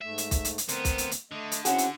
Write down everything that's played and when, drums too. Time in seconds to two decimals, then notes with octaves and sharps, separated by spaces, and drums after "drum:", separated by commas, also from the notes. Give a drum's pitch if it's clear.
0.01 G#2 A3 E5
0.18 drum: hi-hat
0.31 drum: kick, hi-hat
0.45 drum: hi-hat
0.58 drum: hi-hat
0.68 D2 B3 C4 A#4 C5, drum: hi-hat
0.85 drum: kick, hi-hat
0.98 drum: hi-hat
1.11 drum: hi-hat
1.32 D3 A3 D#5
1.52 drum: hi-hat
1.65 C4 C#4 E4 F#4 G#4 F#5, drum: hi-hat
1.78 drum: hi-hat